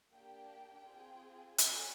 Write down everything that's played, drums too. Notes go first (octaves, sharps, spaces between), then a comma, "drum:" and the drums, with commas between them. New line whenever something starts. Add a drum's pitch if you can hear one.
A#3 D4 G4 G5
G5
C4 F4 G#4
C#4 F#4 A4 G#5, drum: hi-hat